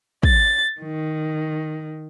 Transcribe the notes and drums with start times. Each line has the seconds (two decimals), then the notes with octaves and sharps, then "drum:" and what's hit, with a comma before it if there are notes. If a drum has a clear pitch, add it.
0.23 A6, drum: kick
0.80 D#3